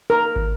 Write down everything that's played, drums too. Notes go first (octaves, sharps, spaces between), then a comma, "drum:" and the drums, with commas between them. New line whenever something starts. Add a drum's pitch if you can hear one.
A#4
drum: kick